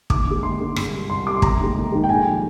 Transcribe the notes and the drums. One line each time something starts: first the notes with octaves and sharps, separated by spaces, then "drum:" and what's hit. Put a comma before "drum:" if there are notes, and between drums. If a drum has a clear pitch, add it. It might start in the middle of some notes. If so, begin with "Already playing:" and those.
D#2 D6, drum: kick
D3 G#3
D#2 C6
D3 G#3
C2, drum: rim click
C3 G3
C2 C6
C3 G3 D6
C6
F1 A#5, drum: kick
D#2 D#3 G#3
F1
D#2 D#3 G#3
G5
A#1 G#5
D#3 G3